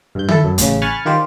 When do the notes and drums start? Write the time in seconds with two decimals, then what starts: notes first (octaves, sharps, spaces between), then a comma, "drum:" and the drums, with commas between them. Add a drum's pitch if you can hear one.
0.15 G2 G6
0.28 E4 A4, drum: tom D3
0.44 F#2
0.58 A1 C#3, drum: hi-hat
0.82 G#5 B5 C#6 F6 F#6 A6
1.05 D#3 F4 G4 C5 D5